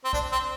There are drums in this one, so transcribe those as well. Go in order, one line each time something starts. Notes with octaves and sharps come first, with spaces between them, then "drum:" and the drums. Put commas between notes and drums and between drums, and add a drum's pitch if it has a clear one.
C4
D4, drum: kick
C4